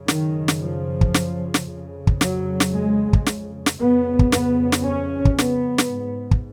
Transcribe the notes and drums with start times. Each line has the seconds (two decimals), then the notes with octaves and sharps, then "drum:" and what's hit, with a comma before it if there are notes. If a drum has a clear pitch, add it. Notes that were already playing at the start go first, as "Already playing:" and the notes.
Already playing: F#2 C#3
0.08 D#3, drum: snare
0.48 drum: snare
0.62 F3
1.01 drum: kick
1.14 drum: snare
1.54 drum: snare
1.67 F2 C#3
2.07 drum: kick
2.21 F#3, drum: snare
2.60 drum: snare
2.74 G#3
3.13 drum: kick
3.26 drum: snare
3.66 drum: snare
3.79 F2 C#3 B3
4.19 drum: kick
4.32 B3, drum: snare
4.72 drum: snare
4.86 C#4
5.25 drum: kick
5.38 B3, drum: snare
5.78 drum: snare
5.92 G#2
6.31 drum: kick